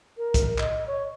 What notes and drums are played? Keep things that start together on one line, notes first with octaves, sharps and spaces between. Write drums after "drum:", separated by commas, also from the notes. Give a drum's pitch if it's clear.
A#4
drum: kick, hi-hat
D#5, drum: clap
C#5